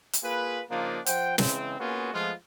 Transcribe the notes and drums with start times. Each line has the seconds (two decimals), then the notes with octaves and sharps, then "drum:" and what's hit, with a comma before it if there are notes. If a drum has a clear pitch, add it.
0.13 drum: hi-hat
0.23 A#3 F4 G#4 B4
0.70 C#3 F3 A#3 D4 D#4 F4
1.06 F3 C5 F#5 G5, drum: hi-hat
1.38 C#3 E3 G#3 C4, drum: snare
1.80 A#3 B3 C#4 F4 F#4 G#4
2.14 F3 G#3 A3 B3 F4